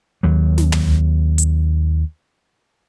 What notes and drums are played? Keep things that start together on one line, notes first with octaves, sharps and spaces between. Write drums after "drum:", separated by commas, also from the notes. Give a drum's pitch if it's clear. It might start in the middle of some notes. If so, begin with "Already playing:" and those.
D#2 F#3
drum: snare
drum: tom
drum: hi-hat